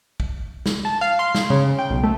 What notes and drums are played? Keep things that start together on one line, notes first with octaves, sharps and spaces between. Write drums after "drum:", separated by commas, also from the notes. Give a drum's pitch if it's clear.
drum: kick
drum: snare
A5
F5
C6
drum: snare
C#3
G5
B1
A3